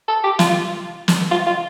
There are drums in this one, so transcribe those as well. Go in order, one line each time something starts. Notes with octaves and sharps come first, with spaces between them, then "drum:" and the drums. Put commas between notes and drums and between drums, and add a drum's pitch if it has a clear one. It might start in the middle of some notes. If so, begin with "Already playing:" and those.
A4
G4
F4, drum: snare
drum: snare
F4
F4